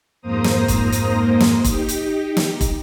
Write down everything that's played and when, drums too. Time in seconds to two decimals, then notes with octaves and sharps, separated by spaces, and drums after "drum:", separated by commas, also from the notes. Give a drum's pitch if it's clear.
0.21 F2 G#2 A#3 C5 A#5 D#6
0.44 drum: snare
0.68 drum: kick, hi-hat
0.92 drum: hi-hat
1.40 drum: snare
1.64 D#4 G4, drum: kick, hi-hat
1.88 drum: hi-hat
2.37 drum: snare
2.61 drum: kick, hi-hat